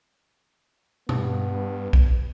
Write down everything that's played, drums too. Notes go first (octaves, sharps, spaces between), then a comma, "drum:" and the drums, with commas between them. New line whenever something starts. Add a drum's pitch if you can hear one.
G2 B3, drum: tom
drum: kick B1